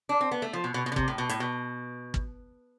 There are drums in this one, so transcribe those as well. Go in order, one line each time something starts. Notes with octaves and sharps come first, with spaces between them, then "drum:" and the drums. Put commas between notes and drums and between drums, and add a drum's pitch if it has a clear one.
D4
C4
B3
A3
F3
B2
B2
B2
D3
C3, drum: kick
A2
B2
A2, drum: hi-hat
B2
drum: kick